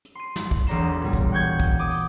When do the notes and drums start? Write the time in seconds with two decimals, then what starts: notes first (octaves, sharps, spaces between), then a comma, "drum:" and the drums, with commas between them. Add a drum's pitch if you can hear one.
0.05 drum: hi-hat
0.15 C6 D#7
0.36 drum: snare
0.51 drum: kick
0.67 E1 B1 D5 A#5 C6 E7, drum: hi-hat
1.02 A#2 G3
1.13 drum: kick
1.32 F#5 G5 C#6 G6 G#6
1.60 drum: kick, hi-hat
1.79 D6 D#6
1.91 drum: open hi-hat